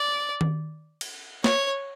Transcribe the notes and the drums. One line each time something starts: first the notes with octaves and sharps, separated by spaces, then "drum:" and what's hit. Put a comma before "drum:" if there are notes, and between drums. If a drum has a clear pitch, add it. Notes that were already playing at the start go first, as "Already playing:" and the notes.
Already playing: D5
drum: tom D#3
drum: cymbal
C#5, drum: snare